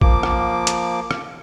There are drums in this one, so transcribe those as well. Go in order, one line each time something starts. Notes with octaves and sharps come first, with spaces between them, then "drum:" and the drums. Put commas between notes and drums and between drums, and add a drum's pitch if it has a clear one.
F3 A#3 D6, drum: kick
drum: rim click
drum: hi-hat
drum: rim click